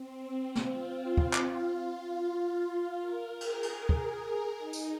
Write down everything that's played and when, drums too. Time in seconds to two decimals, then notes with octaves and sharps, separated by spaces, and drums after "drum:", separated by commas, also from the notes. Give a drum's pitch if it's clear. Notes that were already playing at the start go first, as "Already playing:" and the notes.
Already playing: C4
0.55 drum: snare
0.65 F4
1.17 drum: kick
1.34 drum: clap
1.44 F4
3.01 A#4
3.41 G#4, drum: cymbal
3.63 drum: cymbal
3.80 G#4
3.89 drum: kick
4.58 D#4
4.73 drum: tambourine